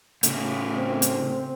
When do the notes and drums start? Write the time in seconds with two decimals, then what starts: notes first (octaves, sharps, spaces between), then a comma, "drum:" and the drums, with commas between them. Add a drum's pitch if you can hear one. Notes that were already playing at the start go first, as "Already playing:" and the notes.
0.23 A2 C#3, drum: hi-hat
0.78 C4
1.02 drum: hi-hat